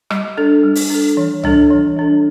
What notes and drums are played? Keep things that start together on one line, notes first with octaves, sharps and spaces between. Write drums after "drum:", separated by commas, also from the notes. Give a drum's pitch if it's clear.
G3, drum: rim click
D4 A4
G3
drum: open hi-hat
D4 A4
E3
G3 D4 A4, drum: tom C2
E3
G3 D4 A4